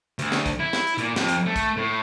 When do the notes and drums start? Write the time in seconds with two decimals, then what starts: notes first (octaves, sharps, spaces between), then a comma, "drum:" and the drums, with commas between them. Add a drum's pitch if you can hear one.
0.19 D2, drum: hi-hat
0.32 drum: snare
0.46 drum: kick, hi-hat
0.59 E4
0.73 drum: snare
0.87 drum: hi-hat
0.98 A#2, drum: hi-hat
1.16 F2, drum: snare
1.28 drum: hi-hat
1.46 A3
1.56 drum: kick, hi-hat
1.77 A2